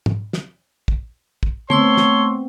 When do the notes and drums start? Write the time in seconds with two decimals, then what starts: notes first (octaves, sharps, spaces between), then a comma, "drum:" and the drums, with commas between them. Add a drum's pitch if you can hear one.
0.06 drum: tom
0.33 drum: snare
0.88 drum: kick
1.43 drum: kick
1.70 A3 B3 C4 C#5 C6 C#6 E6, drum: tom
1.97 drum: snare